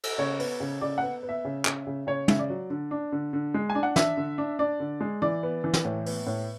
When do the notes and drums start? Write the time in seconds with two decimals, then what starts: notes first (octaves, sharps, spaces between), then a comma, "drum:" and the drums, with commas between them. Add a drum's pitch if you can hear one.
0.03 drum: cymbal
0.18 C#3 C#5
0.39 B3, drum: open hi-hat
0.60 C#3
0.81 C#3 D5
0.98 B3 F#5
1.23 B3
1.29 E5
1.45 C#3
1.65 C#3, drum: clap
1.87 C#3
2.07 C#3 C#5
2.28 C#3 E5, drum: tom
2.39 D5
2.50 F#3
2.70 D3
2.91 D4
3.12 D3
3.33 D3
3.54 G#3
3.70 G#5
3.75 D4
3.83 F#5
3.96 D4 E5, drum: snare
4.17 D3
4.38 D4
4.59 D4 D5
4.80 D3
5.01 G#3
5.22 E3 D5
5.43 B3
5.64 E3
5.73 drum: snare
5.85 A2
6.06 B3, drum: open hi-hat
6.27 A2